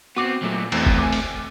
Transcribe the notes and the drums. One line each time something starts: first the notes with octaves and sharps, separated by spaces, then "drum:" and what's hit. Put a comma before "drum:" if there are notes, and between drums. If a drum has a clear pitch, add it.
B3 C4 F#4 D6
A#2 F#3 A3
E2 A3 C4, drum: cymbal
drum: kick
G#5 D6
drum: open hi-hat